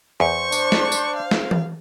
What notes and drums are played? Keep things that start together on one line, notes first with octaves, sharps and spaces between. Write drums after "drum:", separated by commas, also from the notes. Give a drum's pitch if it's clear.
E2 C5 C#6
D4, drum: tambourine
drum: snare
drum: tambourine
F5
drum: snare
drum: tom E3